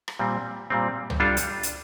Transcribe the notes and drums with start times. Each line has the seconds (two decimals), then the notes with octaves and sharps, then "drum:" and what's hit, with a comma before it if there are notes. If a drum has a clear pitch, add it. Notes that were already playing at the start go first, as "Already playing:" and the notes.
0.08 drum: rim click
0.19 A#2 G3 C4
0.70 A#2 G3 C4
1.10 drum: tom C#2
1.20 G3 D4 F4 A4
1.37 drum: hi-hat
1.63 drum: hi-hat